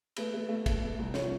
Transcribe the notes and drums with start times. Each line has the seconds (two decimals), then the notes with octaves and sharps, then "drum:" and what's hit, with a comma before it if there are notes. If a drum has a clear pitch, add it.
0.16 A3 B4, drum: cymbal
0.34 A3
0.49 A3
0.66 A3, drum: kick, cymbal
0.82 A3
0.99 C2
1.14 F3 C#5, drum: snare